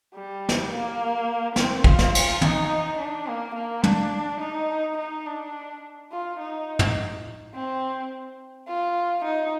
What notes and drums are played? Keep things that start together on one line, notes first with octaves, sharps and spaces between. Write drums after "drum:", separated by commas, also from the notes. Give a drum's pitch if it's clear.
G3
drum: snare
A#3
C4, drum: snare
F4, drum: kick
drum: snare
drum: cymbal
D#4, drum: tom
D4
A#3
A#3
D4, drum: tom
D#4
D#4
D4
F4
D#4
drum: tom
C4
F4
D#4